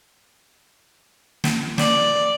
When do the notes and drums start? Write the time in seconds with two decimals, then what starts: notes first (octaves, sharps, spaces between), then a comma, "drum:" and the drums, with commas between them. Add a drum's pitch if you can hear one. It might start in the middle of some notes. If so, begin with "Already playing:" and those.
1.44 drum: snare
1.78 D5, drum: snare